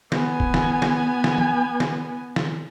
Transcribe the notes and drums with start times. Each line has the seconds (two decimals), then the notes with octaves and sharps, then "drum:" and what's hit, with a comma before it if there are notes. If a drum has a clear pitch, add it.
0.12 B3 G#5, drum: snare
0.40 drum: kick
0.54 drum: snare
0.82 drum: snare
1.24 drum: snare
1.38 drum: tom
1.80 drum: snare
2.36 drum: snare